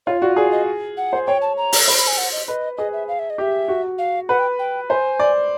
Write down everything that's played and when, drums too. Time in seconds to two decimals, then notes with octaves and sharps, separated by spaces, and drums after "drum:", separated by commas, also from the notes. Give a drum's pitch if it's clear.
0.07 F4 C#5
0.22 F#4 D5
0.36 G#4 D5
0.51 D#5
0.97 F#5
1.13 C5
1.27 C#5 G5
1.42 A5
1.57 A#5
1.73 drum: open hi-hat
1.87 C5 B5
1.98 B5
2.07 G#5
2.18 F#5
2.32 D#5
2.48 B4 D#5
2.78 G#4 D#5
2.93 E5
3.08 F5
3.19 E5
3.30 D#5
3.38 G4 E5
3.68 F#4
3.98 F5
4.29 B4 F#5
4.39 G5
4.59 G5
4.89 C5 G#5
5.20 D5